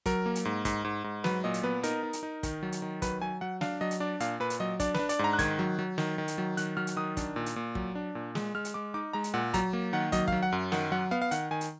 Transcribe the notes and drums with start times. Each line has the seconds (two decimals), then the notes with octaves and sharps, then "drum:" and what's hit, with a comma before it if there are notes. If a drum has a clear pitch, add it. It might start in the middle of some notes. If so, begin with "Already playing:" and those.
0.06 F#3 A#4, drum: kick, hi-hat
0.26 A#3
0.35 drum: hi-hat
0.45 G#2
0.65 G#2, drum: kick, hi-hat
0.85 G#2
1.04 G#2
1.24 F#3 B4, drum: snare
1.44 A#2 D#5
1.54 drum: hi-hat
1.63 B3 B4
1.83 D#4 A#4, drum: hi-hat
2.03 D#4
2.13 drum: hi-hat
2.23 D#4
2.43 D#3, drum: kick, hi-hat
2.63 F#3
2.72 drum: hi-hat
2.82 D#3
3.02 F#3 B4, drum: kick, hi-hat
3.22 F#3 G#5
3.41 F#3 F#5
3.61 D4 F5, drum: snare
3.81 F#3 D#5
3.91 drum: hi-hat
4.00 D4 D5
4.20 A#2 F5, drum: hi-hat
4.40 A#2 B4
4.50 drum: hi-hat
4.60 F#3 D#5
4.80 D4 D5, drum: kick, hi-hat
4.94 D4 B4, drum: snare
5.09 D5, drum: hi-hat
5.19 G#2 A#5
5.33 F#6
5.39 D#3 G#6, drum: kick, hi-hat
5.59 F#3
5.79 F#3
5.98 D#3, drum: snare
6.18 D#3
6.28 drum: hi-hat
6.38 F#3
6.57 D#3 F#6, drum: hi-hat
6.77 F#3 F6
6.87 drum: hi-hat
6.96 D#3 D#6
7.17 D4, drum: kick, hi-hat
7.36 A#2
7.46 drum: hi-hat
7.56 A#2
7.75 F#3, drum: kick
7.95 D4
8.15 A#2
8.35 G#3, drum: snare
8.55 G#3 F6
8.65 drum: hi-hat
8.74 G#3 D6
8.94 D#4 D6
9.13 G#3 A#5
9.24 drum: hi-hat
9.34 A#2 F#5
9.54 F#3 A#5, drum: kick, hi-hat
9.73 A#3
9.93 D#3 F#5
10.12 F#3 D#5, drum: kick, hi-hat
10.28 F#3 F5, drum: kick
10.43 F#5
10.52 F#2
10.72 D#3 F#5, drum: snare
10.92 F#3 F#5
11.11 B3 F5
11.22 F5
11.31 D#3 F#5, drum: hi-hat
11.51 D#3 G#5
11.61 drum: hi-hat